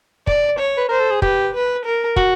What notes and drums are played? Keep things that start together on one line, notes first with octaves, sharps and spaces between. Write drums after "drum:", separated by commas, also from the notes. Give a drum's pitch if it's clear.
D5, drum: kick
C#5
B4
A#4 C5
A4
G#4
G4 B4, drum: kick
B4
A#4
F#4, drum: kick